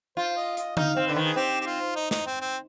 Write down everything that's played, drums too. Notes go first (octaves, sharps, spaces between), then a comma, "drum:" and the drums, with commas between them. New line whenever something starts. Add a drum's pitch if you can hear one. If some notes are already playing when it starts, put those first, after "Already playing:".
F4 C5
D#5
D#5, drum: hi-hat
D#4 F5, drum: tom D3
C4
D3 B4
D#3
G#4
C4 G4
G4
F4
D#4
D#4, drum: snare
C4
C4